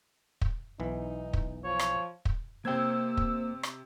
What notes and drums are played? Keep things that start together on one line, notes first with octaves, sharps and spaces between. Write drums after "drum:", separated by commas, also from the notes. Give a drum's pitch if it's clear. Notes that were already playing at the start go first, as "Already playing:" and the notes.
drum: kick
B1 E3 D#4
drum: kick
F3 C#5
drum: rim click
drum: kick
C3 A#3 C5 G5 E6 G#6
drum: kick
drum: rim click